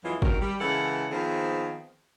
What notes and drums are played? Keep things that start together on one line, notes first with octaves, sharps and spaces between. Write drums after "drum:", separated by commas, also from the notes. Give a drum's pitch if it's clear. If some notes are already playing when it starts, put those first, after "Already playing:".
F2 E3 F#3 G#3 F4
D#3 C4 F#4 A#4, drum: kick G#1
G3
C#3 E3 G#3 A4 A#4 F#5
D#3 F3 B3 C4 G#4